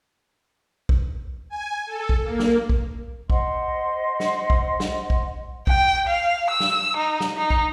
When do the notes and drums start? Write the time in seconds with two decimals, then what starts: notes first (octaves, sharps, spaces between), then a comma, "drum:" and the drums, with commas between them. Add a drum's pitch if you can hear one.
0.89 drum: kick
1.49 G#5
1.85 A4
2.09 drum: kick
2.22 A#3
2.39 drum: snare
2.69 drum: kick
3.30 C5 D#5 F#5 C6, drum: kick
4.20 drum: snare
4.50 drum: kick
4.80 drum: snare
5.10 drum: kick
5.67 G5, drum: kick
6.07 F5
6.50 E6
6.60 drum: snare
6.97 D#4
7.20 drum: snare
7.37 D#4
7.50 drum: kick